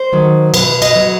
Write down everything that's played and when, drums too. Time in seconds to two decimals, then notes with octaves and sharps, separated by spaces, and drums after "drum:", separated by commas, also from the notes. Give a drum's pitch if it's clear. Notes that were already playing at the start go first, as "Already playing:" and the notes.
Already playing: C5
0.13 D#3 F#3
0.54 B2 B4, drum: cymbal
0.82 D#5, drum: cymbal
0.95 F#3